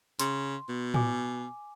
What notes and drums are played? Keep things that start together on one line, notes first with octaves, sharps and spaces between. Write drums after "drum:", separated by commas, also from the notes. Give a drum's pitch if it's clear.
C#3 C6, drum: hi-hat
B2
G#5 D6, drum: tom A2